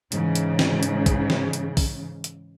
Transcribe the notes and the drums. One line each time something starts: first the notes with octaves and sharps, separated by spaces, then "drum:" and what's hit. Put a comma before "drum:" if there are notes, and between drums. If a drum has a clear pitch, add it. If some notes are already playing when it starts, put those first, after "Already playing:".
G#2 C#3 E3, drum: hi-hat
drum: hi-hat
drum: snare
drum: hi-hat
drum: kick, hi-hat
drum: snare
drum: hi-hat
drum: kick, open hi-hat
drum: hi-hat